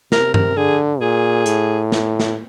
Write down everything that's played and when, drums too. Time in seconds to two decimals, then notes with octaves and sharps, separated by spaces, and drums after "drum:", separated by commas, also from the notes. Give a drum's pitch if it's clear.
0.12 C3 A#4, drum: snare
0.34 A#4, drum: tom G2
0.57 D3 G#4
1.01 A#2 G#4
1.46 A2, drum: hi-hat
1.92 drum: snare
2.20 drum: snare